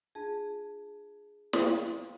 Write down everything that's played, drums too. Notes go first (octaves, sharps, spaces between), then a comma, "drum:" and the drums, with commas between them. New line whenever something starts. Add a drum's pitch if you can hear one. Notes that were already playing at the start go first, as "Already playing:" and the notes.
D4 F4 G#4 A5
F5 G5, drum: snare